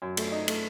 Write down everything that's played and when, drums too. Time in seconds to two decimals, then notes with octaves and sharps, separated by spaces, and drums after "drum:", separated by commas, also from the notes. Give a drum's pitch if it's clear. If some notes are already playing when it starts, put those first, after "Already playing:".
0.02 F#2
0.17 A3, drum: cymbal
0.32 D#4
0.48 A3, drum: cymbal